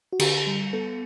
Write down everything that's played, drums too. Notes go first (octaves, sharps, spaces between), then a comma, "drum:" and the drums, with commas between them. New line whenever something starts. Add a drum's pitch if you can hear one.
F#4
D3 G4, drum: cymbal
G3
B3 A4